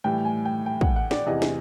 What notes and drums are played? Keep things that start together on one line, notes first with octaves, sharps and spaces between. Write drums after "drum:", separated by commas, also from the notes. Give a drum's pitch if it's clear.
A2 E3 G3 G5
G#5
G5
G5
F#5, drum: kick
F#5
D5, drum: snare
E2 C3 E3 D#5
drum: snare